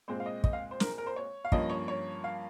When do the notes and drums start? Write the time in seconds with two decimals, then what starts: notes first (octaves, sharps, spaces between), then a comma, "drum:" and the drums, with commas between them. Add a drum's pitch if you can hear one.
0.08 A#2 G#3 C4 C5
0.20 F5
0.26 D#5
0.44 D#5, drum: kick
0.53 F5
0.71 C5
0.80 A#4, drum: snare
0.98 A#4
1.07 C5
1.16 C#5
1.45 F5
1.52 G2 F3 A#3 C#4 D#5, drum: kick
1.70 C#5
1.88 C#5
2.24 F5